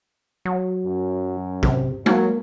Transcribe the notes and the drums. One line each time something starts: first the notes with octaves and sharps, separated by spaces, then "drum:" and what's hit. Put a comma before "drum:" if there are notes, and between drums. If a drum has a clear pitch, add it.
F#3
F#2
C3, drum: kick
F#3 A#3, drum: tom G#3